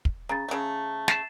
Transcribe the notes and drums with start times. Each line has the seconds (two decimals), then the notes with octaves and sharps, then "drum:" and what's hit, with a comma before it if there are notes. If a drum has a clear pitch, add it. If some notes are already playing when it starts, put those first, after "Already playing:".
0.05 drum: kick
0.29 C#3 A#5 A6
0.48 C#3 A3
1.08 A6 C7 E7, drum: snare